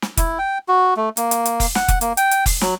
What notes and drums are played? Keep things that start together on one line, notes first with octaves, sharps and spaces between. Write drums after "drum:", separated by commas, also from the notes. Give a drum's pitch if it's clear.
drum: snare
E4, drum: kick F1, hi-hat
G5
F#4
A3
A#3, drum: hi-hat
drum: hi-hat
drum: hi-hat
drum: kick F1, open hi-hat
F#5, drum: snare
drum: kick F1, hi-hat
A#3, drum: hi-hat
G5, drum: hi-hat
drum: hi-hat
drum: kick F1, open hi-hat
F#3, drum: snare